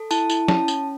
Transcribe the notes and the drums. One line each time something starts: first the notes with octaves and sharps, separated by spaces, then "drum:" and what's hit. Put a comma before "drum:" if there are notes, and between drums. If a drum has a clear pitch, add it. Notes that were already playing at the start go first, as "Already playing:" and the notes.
Already playing: A4
E4 A5, drum: tambourine
E4, drum: tambourine
C#4 A5, drum: snare
C#4, drum: tambourine